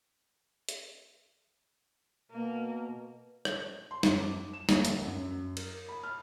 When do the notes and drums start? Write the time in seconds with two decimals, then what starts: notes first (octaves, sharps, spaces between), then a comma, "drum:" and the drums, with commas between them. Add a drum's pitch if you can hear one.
0.69 drum: hi-hat
2.31 B2 A#3
3.45 drum: rim click
3.91 C6
4.03 F#2, drum: snare
4.18 D6
4.53 E7
4.69 A#3, drum: snare
4.85 D2, drum: hi-hat
5.05 F#2
5.57 A#4, drum: cymbal
5.89 B5
6.03 F6